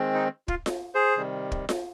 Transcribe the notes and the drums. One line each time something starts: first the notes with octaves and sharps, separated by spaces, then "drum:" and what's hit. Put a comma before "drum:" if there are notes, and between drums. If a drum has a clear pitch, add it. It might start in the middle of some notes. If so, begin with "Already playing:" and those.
Already playing: D#3 G#3 C4
D#4
F4, drum: kick
drum: snare F4
G#4 C5
C3 D#3 G3
drum: kick
drum: snare F4